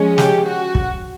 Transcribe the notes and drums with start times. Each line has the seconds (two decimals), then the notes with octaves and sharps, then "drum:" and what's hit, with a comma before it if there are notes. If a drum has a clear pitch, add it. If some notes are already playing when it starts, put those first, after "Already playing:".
Already playing: F3 G#3 C#4
0.18 G4, drum: snare
0.46 F#4
0.75 drum: kick